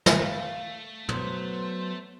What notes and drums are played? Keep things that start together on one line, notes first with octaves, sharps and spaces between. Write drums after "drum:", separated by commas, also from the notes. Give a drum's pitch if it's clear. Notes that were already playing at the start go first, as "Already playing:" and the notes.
drum: snare
A3 F5
F#3 B3 C5 C6, drum: tom